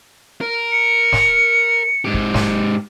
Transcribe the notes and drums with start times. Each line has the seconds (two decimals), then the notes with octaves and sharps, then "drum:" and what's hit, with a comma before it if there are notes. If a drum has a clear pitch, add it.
0.41 A#4
0.72 C#7
1.13 drum: snare
2.05 G#2 G4
2.14 drum: kick
2.34 drum: snare